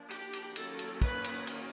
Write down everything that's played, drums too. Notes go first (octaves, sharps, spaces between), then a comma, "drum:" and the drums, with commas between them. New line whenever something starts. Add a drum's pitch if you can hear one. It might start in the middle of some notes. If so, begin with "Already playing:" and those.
Already playing: F3 A#3 D4
G4, drum: cymbal
drum: cymbal
D#3 F#3 A#3 C#4 A4, drum: cymbal
drum: cymbal
B4, drum: kick, cymbal
drum: cymbal
drum: cymbal